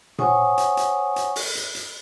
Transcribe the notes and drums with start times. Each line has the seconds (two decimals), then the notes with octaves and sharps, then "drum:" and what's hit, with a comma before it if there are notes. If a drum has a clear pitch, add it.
0.19 C5 C#5 F#5 G#5 C#6 D#6, drum: tom A#2
0.58 drum: hi-hat
0.77 drum: hi-hat
1.16 drum: hi-hat
1.36 drum: open hi-hat
1.55 drum: hi-hat
1.75 drum: hi-hat